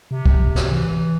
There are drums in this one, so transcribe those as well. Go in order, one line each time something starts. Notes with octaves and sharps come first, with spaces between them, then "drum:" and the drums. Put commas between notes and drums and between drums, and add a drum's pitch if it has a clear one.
C3
drum: kick C#2
drum: snare
E3